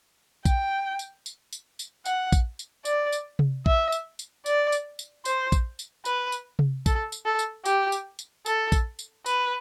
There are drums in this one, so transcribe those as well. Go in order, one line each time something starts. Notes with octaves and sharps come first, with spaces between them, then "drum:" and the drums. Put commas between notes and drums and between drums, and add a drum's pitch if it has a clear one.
G5, drum: kick A#1, tambourine
drum: tambourine
drum: tambourine
drum: tambourine
drum: tambourine
F#5, drum: tambourine
drum: kick A#1, tambourine
drum: tambourine
D5, drum: tambourine
drum: tambourine
drum: tom C3
E5, drum: kick A#1
drum: tambourine
drum: tambourine
D5, drum: tambourine
drum: tambourine
drum: tambourine
C5, drum: tambourine
drum: kick A#1, tambourine
drum: tambourine
B4, drum: tambourine
drum: tambourine
drum: tom C3
A4, drum: kick A#1, tambourine
drum: tambourine
A4
drum: tambourine
G4, drum: tambourine
drum: tambourine
drum: tambourine
A4, drum: tambourine
drum: kick A#1, tambourine
drum: tambourine
B4, drum: tambourine